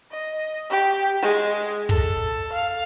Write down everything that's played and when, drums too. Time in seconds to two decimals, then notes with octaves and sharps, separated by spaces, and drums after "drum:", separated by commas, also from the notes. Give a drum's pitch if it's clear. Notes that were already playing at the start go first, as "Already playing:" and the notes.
0.12 D#5
0.70 G4
1.22 G#3
1.89 A4, drum: kick
2.52 F5, drum: hi-hat